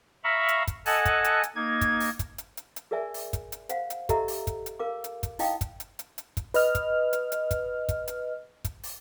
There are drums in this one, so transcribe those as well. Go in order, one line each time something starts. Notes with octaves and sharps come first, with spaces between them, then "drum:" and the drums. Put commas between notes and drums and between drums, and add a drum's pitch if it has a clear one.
E5 F5 A#5 B5 C#6
drum: hi-hat
drum: kick, hi-hat
A4 D#5 F#5 G#5 A5 F#6, drum: open hi-hat
drum: kick, hi-hat
drum: hi-hat
drum: hi-hat
A#3 D#4 G#6
drum: kick, hi-hat
drum: open hi-hat
drum: kick, hi-hat
drum: hi-hat
drum: hi-hat
drum: hi-hat
G#4 A#4 D5 E5 G#5
drum: open hi-hat
drum: kick, hi-hat
drum: hi-hat
C5 F5 F#5, drum: hi-hat
drum: hi-hat
G4 A4 D#5 E5 A#5 E6, drum: kick, hi-hat
drum: open hi-hat
drum: kick, hi-hat
drum: hi-hat
A#4 F5 D6
drum: hi-hat
drum: kick, hi-hat
D#4 E4 D#5 F5 G5 D#6, drum: open hi-hat
drum: kick, hi-hat
drum: hi-hat
drum: hi-hat
drum: hi-hat
drum: kick, hi-hat
B4 D#5 F6, drum: open hi-hat
drum: kick, hi-hat
drum: hi-hat
drum: hi-hat
drum: kick, hi-hat
drum: kick, hi-hat
drum: hi-hat
drum: kick, hi-hat
drum: open hi-hat